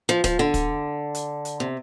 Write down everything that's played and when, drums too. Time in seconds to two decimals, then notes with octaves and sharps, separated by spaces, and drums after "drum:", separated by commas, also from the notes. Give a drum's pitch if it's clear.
0.09 F3
0.24 F3, drum: kick, hi-hat
0.39 D3
0.54 drum: kick, hi-hat
1.15 drum: hi-hat
1.45 drum: hi-hat
1.60 C3